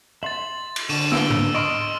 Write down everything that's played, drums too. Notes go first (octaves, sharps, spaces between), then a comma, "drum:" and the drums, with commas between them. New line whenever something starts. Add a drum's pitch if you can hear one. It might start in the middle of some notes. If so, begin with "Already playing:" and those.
E5 C6 A6 F#7
drum: cymbal
D3 C#6 D#7 E7, drum: open hi-hat
E6 D7 G7, drum: snare
drum: tom G#2
D#5 C6 C#6 D#6 F6 D7